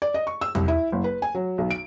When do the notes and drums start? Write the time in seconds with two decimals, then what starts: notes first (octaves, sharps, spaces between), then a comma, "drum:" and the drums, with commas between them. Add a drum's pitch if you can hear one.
0.02 D5
0.14 D#5
0.27 C#6
0.41 E6
0.55 C2, drum: tom E2
0.68 E4
0.92 F#1
1.04 B4
1.22 G#5
1.35 F#3
1.58 B1
1.71 D7